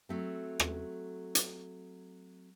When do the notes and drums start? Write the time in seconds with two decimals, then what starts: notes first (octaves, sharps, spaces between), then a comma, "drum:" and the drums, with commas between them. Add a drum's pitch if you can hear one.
0.09 F#3 A3 C4
0.60 drum: rim click
1.35 drum: hi-hat